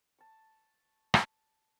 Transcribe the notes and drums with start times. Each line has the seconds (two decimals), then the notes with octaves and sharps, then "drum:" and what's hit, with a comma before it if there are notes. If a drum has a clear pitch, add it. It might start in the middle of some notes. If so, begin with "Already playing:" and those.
0.19 A5 C#6
1.14 drum: rim click